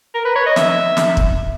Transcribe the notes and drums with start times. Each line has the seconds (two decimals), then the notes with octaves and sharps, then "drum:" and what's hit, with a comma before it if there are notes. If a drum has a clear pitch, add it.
0.14 A#4
0.25 B4
0.35 C#5
0.46 D#5
0.56 E5, drum: snare
0.97 drum: snare
1.17 drum: kick